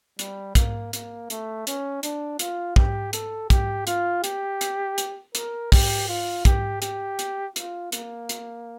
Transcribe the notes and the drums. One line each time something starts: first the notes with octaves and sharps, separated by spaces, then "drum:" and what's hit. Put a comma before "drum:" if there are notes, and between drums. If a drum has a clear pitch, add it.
G3, drum: hi-hat
A#3, drum: kick, hi-hat
A#3, drum: hi-hat
A3, drum: hi-hat
C#4, drum: hi-hat
D4, drum: hi-hat
F4, drum: hi-hat
G4, drum: kick
A4, drum: hi-hat
G4, drum: kick, hi-hat
F4, drum: hi-hat
G4, drum: hi-hat
drum: hi-hat
drum: hi-hat
A#4, drum: hi-hat
G4, drum: kick, open hi-hat
F4
G4, drum: kick, hi-hat
G4, drum: hi-hat
drum: hi-hat
F4, drum: hi-hat
A#3, drum: hi-hat
drum: hi-hat